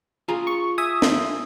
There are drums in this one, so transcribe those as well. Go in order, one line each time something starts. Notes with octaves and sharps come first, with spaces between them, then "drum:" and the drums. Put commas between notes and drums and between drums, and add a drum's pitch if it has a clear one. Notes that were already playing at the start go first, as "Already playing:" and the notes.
F4 G#4 A#5
C#6
E5 G#5 D#6
drum: snare